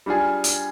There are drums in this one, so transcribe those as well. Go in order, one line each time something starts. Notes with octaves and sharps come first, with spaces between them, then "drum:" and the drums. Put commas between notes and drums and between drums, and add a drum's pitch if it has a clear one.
G3 D4 F4 G#4
drum: hi-hat